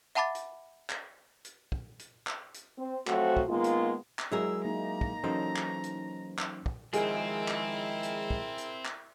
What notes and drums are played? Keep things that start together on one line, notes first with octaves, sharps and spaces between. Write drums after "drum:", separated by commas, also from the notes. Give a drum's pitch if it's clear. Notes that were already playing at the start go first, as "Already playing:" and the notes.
E5 F#5 A5 B5 D6 A6
drum: hi-hat
drum: clap
drum: hi-hat
drum: kick
drum: hi-hat
drum: clap
drum: hi-hat
C4
F3 F#3 A3 C4 F#4, drum: clap
drum: kick
D#3 G#3 A#3 B3 F4
drum: hi-hat
drum: clap
F#3 G#3 E4 G#4 A#4 E6
A#3 D#4 A#5
drum: kick
E3 F#3 C#4 D#4 A4 C5
drum: clap
drum: hi-hat
drum: clap
drum: kick
D#3 F3 G#3 C4 E4 G#4 A#4, drum: hi-hat
drum: clap
drum: hi-hat
drum: kick
drum: hi-hat
drum: clap